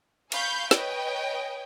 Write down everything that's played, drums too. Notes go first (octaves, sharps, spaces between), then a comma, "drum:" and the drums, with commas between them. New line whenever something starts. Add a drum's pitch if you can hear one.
F5 G#5 B5 C#6 G6, drum: cymbal
B4 C#5 D#5 G5 G#5, drum: snare